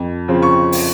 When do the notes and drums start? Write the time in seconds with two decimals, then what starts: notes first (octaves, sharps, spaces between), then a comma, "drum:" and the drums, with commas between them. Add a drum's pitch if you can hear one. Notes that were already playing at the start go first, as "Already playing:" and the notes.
Already playing: F2
0.28 C#3 F3 C4
0.42 C#6
0.72 drum: open hi-hat